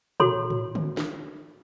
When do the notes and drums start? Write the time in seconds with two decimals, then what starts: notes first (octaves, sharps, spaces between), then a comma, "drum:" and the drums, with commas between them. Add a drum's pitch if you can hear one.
0.20 F#4 A4 C#5 C6, drum: tom A#2
0.50 drum: tom A2
0.75 drum: tom D3
0.97 drum: snare